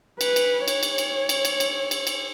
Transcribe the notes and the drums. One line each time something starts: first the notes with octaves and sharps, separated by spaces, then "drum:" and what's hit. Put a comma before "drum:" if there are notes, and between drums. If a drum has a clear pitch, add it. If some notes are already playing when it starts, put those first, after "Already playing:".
B4, drum: cymbal
drum: cymbal
C#5, drum: cymbal
drum: cymbal
drum: cymbal
drum: cymbal
drum: cymbal
drum: cymbal
drum: cymbal
drum: cymbal